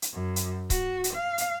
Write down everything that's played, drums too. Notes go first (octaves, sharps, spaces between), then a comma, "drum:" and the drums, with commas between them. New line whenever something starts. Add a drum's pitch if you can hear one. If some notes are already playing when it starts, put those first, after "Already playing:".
drum: hi-hat
F#2
drum: hi-hat
F#4, drum: kick C#1, hi-hat
drum: hi-hat
F5
drum: hi-hat